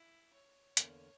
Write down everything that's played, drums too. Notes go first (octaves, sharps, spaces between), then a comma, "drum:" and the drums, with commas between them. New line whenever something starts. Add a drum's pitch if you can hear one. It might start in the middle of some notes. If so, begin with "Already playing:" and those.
Already playing: E4
C#5
E2 D3 A#3, drum: hi-hat